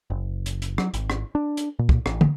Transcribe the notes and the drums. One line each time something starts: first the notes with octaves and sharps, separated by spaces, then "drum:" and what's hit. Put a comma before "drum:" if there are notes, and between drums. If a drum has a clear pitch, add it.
F#1
drum: hi-hat
drum: hi-hat
F#3, drum: rim click
G#1, drum: hi-hat
drum: rim click
D4
drum: hi-hat
A#2
drum: kick
A1, drum: rim click
drum: tom